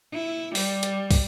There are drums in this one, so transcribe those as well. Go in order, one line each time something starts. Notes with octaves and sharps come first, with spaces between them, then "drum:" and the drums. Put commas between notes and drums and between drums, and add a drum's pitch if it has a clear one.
E4
G3, drum: open hi-hat
drum: hi-hat
drum: kick, open hi-hat